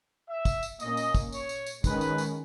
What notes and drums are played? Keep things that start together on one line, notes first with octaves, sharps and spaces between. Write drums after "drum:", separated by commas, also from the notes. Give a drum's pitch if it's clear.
E5
drum: kick, tambourine
drum: tambourine
A#2 A#3 C#4 D#5, drum: tambourine
drum: tambourine
drum: kick, tambourine
C#5, drum: tambourine
drum: tambourine
drum: tambourine
D#3 G#3 C#4 B4, drum: kick, tambourine
drum: tambourine
drum: tambourine